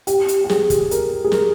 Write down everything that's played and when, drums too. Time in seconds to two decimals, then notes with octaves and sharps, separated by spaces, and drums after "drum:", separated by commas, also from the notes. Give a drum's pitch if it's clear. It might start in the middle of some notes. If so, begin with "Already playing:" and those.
0.07 G4, drum: hi-hat
0.28 drum: hi-hat
0.44 G4
0.49 G#4, drum: snare
0.70 drum: kick, hi-hat
0.91 A#4, drum: hi-hat
1.25 G#4
1.32 A#4, drum: snare